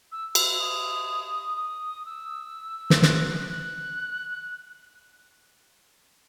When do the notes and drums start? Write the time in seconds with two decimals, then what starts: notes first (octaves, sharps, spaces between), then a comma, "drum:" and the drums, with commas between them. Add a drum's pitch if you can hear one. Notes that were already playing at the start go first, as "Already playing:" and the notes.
0.12 E6
0.35 E6, drum: cymbal
0.48 E6
0.60 D#6
1.57 D#6
2.06 E6
2.90 drum: snare
3.02 F#6, drum: snare
3.50 F#6